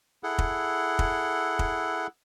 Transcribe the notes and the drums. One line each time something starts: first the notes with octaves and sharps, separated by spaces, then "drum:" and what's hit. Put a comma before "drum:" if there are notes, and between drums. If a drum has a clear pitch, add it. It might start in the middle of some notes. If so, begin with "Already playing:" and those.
E4 G#4 A4 F#5
drum: kick
drum: kick
drum: kick